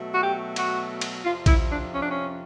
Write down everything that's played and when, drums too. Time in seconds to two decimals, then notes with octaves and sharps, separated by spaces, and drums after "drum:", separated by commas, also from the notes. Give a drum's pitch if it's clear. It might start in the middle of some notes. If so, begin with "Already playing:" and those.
Already playing: B2 F#3 A3
0.12 F#4
0.22 G4
0.56 F#4, drum: cymbal
1.01 drum: cymbal
1.24 F2 C3 F3 F4
1.46 E4, drum: kick, cymbal
1.69 D4
1.92 C#4
2.00 D4
2.09 C#4